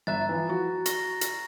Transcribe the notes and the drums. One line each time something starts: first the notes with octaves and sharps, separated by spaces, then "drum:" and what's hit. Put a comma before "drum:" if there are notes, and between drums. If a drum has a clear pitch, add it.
G1 E5 A#5 F#6 A6
E3 F3
F#4
C#6 A#6, drum: hi-hat
drum: hi-hat